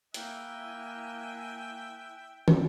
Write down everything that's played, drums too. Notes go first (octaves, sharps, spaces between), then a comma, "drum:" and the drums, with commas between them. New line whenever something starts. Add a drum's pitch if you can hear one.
A#3 E4 E5 G5 G#5 F#6, drum: hi-hat
drum: tom